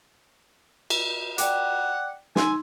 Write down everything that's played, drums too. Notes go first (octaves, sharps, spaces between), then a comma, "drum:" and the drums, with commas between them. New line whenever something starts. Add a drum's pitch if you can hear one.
drum: cymbal
D5 F#5 G5 D6, drum: hi-hat
D#4 G#5 C6 E6, drum: snare